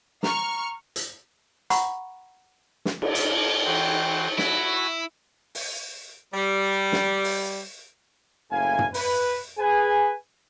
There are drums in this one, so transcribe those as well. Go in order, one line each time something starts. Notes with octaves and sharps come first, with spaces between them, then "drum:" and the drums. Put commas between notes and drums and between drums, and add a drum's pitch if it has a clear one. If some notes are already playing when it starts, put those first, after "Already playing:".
A#5 C#6 F6, drum: snare
drum: hi-hat
F#5 A#5 B5 C#6, drum: hi-hat
drum: snare
drum: cymbal
drum: hi-hat
E3 F#4 C5 G5
E4 F#4 E5 G#5 C#6, drum: snare
drum: open hi-hat
G3
drum: snare
drum: open hi-hat
F#1 A2 E4 F5 G#5
drum: tom
B4, drum: open hi-hat
G#4 B4 G#5